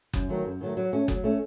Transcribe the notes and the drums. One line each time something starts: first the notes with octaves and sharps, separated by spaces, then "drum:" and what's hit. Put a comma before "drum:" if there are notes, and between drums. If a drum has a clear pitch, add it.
F#2, drum: kick F#1
D#3 F#3 A3
F#2
D#3 F#3 A3
F#3
A3 C#4
F#3, drum: kick F#1
A3 C#4